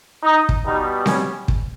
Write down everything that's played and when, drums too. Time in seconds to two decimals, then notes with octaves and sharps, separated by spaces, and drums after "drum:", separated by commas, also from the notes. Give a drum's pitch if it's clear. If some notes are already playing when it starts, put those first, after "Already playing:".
0.23 D#4
0.49 drum: kick
0.64 B2 G3 B3 D#4
1.06 C#4, drum: snare C4
1.48 drum: kick